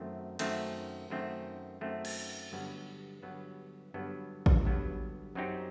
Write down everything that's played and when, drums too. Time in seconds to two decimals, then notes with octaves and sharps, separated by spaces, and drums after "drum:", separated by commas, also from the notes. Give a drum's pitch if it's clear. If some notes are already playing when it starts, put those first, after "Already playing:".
Already playing: F#2 D#3 A3 C4
0.39 F#2 D#3 A3 C4, drum: cymbal
1.10 F#2 D#3 A3 C4
1.81 F#2 D#3 A3 C4
2.05 drum: cymbal
2.52 G1 G2 F#3 B3
3.23 G1 G2 F#3 B3
3.94 G1 G2 F#3 B3
4.46 drum: kick
4.65 G1 G2 F#3 B3
5.35 F#2 F#3 C4 D#4 G4